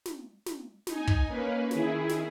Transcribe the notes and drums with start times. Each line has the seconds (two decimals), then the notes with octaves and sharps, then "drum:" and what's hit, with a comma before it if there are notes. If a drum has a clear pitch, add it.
0.06 drum: snare
0.46 drum: snare
0.87 D#4 G#5, drum: snare
1.07 drum: kick
1.28 A#3 C#4 B4
1.71 D#3 E4 G#4, drum: snare
2.09 drum: snare